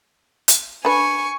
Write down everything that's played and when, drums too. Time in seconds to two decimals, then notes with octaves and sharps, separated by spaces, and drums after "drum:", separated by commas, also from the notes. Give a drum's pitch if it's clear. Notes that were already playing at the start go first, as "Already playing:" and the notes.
0.48 drum: hi-hat
0.85 D4 B4 G#5 C#6